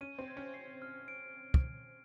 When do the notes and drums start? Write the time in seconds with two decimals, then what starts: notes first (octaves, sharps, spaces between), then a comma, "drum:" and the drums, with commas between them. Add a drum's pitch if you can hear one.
0.01 C#4 D#7
0.18 C4
0.28 G#6
0.37 C#4
0.54 C7
0.82 F6
1.08 D7
1.54 drum: kick